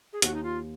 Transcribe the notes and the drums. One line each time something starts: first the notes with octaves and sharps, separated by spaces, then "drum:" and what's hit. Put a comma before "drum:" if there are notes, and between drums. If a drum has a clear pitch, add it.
G#4
D#2 F#4, drum: hi-hat
D#4
F4